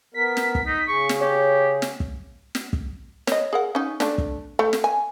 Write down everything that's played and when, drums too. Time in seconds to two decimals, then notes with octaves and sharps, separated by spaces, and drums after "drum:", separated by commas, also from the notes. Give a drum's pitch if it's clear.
0.14 B3 A#4 B6
0.37 drum: snare
0.55 drum: kick
0.66 D#4
0.88 C#3 G#4 C#6
1.09 drum: snare
1.21 G4 C#5
1.82 drum: snare
2.00 drum: kick
2.55 drum: snare
2.73 drum: kick
3.27 C#5 D#5, drum: snare
3.53 G#4 A#4 F#5
3.75 C#4 D#4
4.00 A3 D4, drum: snare
4.18 drum: kick
4.59 A3
4.73 drum: snare
4.84 G#5